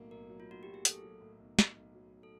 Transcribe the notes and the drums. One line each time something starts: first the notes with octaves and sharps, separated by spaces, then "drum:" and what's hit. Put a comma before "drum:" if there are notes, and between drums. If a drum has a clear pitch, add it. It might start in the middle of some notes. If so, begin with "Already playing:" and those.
Already playing: B1 A2 F#3 A#3
B1 A#4
F#3
F4
B1 F#4
F#3 G4
G#4
F#3 A4, drum: hi-hat
F#3
A2
B1
B1, drum: snare
B1
F#3
B1
A4